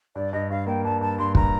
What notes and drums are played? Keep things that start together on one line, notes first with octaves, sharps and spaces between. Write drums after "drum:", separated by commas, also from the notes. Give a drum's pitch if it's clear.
G2 D5
G2 D#5
G2 F5
A#3 G5
G2 A5
G2 A5
G2 C6
G2 A#5, drum: kick